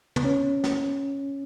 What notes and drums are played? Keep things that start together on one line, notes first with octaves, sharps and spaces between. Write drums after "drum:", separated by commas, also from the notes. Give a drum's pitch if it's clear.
B3, drum: tom
C#4
drum: snare